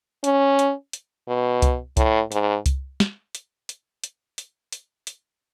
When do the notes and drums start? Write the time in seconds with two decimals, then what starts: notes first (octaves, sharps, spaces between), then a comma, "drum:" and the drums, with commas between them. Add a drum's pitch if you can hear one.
0.24 C#4, drum: hi-hat
0.59 drum: hi-hat
0.93 drum: hi-hat
1.28 B2
1.62 drum: kick C2, hi-hat
1.97 A2, drum: kick C2, hi-hat
2.32 G#2, drum: hi-hat
2.66 drum: kick C2, hi-hat
3.00 drum: snare
3.35 drum: hi-hat
3.69 drum: hi-hat
4.04 drum: hi-hat
4.38 drum: hi-hat
4.72 drum: hi-hat
5.07 drum: hi-hat